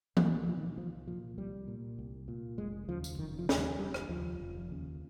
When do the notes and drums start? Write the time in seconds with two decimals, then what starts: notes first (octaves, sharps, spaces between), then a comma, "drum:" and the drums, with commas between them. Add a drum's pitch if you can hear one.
0.17 C2 G3, drum: tom E3
0.37 G3
0.48 A#2 F3
0.57 D#3
0.78 C2 F3
1.07 A#2 F3
1.37 C2 G3
1.68 A#2
1.99 C2
2.28 A#2
2.58 F1 G#3
2.89 D#2 C#3 F3
3.04 drum: tambourine
3.18 F1 D#3
3.39 F3
3.49 D#2 C#3, drum: snare
3.58 G3
3.79 F1 G3
3.94 drum: rim click
4.09 D#2 C#3 F3
4.40 F1
4.70 D#2 C#3